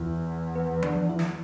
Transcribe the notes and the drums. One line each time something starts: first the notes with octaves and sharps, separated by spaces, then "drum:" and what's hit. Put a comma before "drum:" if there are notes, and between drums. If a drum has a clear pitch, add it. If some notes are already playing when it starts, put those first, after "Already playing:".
Already playing: E2 E4
B3
D4, drum: tom F3
E4
drum: snare